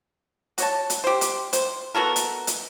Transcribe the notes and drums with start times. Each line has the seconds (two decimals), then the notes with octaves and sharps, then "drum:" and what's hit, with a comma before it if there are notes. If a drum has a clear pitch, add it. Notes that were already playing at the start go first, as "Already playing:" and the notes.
0.58 F#4 C#5 A5, drum: hi-hat
0.90 drum: hi-hat
1.04 G4 C5
1.21 drum: hi-hat
1.53 C5, drum: hi-hat
1.95 B3 F#4 A4 A#4
2.16 drum: hi-hat
2.47 drum: hi-hat